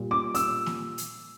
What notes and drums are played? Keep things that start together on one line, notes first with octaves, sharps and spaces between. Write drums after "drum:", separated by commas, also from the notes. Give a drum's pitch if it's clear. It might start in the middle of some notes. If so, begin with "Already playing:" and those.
Already playing: A#2 G3
D6
E6, drum: hi-hat
drum: snare A#3
drum: hi-hat